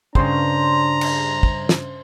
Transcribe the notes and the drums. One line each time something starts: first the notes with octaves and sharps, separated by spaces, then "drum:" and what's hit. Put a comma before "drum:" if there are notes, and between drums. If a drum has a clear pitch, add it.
G2 C#3 D4 C5 A#5, drum: kick
drum: cymbal
drum: kick
drum: snare